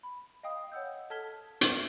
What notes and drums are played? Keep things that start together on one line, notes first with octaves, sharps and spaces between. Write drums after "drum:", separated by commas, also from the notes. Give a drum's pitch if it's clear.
B5
D#5 F5 G5 D#6
C#5 F#5 E6 G6
A4 A5 F6 G#6 B6 G7
drum: hi-hat